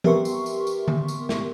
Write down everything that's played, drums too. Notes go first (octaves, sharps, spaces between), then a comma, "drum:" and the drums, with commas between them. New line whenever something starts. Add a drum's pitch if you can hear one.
B3 G4 A#4 E5 C6 C#6, drum: tom E3
drum: tambourine
drum: tambourine
drum: tambourine
drum: tom D3
drum: tambourine
drum: snare